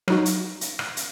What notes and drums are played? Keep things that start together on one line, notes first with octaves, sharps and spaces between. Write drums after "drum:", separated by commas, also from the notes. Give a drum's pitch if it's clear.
F#3 D#4 F#4, drum: rim click
drum: hi-hat
drum: hi-hat
drum: rim click
drum: hi-hat